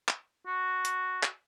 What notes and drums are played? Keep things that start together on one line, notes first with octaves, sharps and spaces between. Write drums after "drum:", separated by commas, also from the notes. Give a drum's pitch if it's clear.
drum: clap
F#4
drum: hi-hat
drum: clap